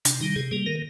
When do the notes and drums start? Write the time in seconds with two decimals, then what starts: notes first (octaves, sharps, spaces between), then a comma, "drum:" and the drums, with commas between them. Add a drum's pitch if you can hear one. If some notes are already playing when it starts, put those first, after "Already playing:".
0.05 C3 D4, drum: hi-hat
0.21 D#3 G3 D#4
0.36 C3 G#4
0.51 G3 A#3 G#4
0.66 D#3 A#4